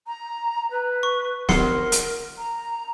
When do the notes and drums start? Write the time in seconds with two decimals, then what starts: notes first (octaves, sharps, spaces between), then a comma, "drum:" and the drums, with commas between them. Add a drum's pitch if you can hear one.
0.07 A#5
0.71 B4
1.03 C#6
1.49 A#4 F#5 C6 C7, drum: snare
1.92 drum: hi-hat
2.38 A#5